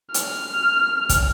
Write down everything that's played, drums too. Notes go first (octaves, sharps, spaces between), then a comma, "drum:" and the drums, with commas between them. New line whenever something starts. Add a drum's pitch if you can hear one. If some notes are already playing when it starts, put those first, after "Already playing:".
F6, drum: hi-hat
drum: kick, hi-hat